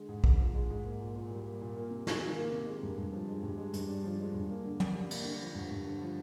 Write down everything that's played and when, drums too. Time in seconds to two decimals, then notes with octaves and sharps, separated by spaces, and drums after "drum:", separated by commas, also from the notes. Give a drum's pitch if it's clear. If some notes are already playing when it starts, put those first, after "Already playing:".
Already playing: D3 G#3
0.09 G#2
0.24 G#2, drum: kick
0.39 F3
0.55 G#3
0.70 G#2
0.85 A#3
1.01 A#2
1.15 A#2
1.31 G3
1.45 A#3
1.61 A#2
1.77 A#3
1.91 C3
2.07 F4, drum: snare
2.21 D#3
2.37 A#3
2.52 C3
2.67 G#3
2.83 G2
2.98 G2
3.13 F3
3.28 G#3
3.43 G2
3.58 G#3
3.73 G2, drum: hi-hat
3.88 D4
4.04 F3
4.20 G#3
4.34 G2
4.50 A#3
4.65 D3
4.80 D4, drum: tom
4.95 G3
5.11 A#3, drum: cymbal
5.25 D3
5.41 F3
5.55 G2
5.71 G2
5.86 D3
6.01 F3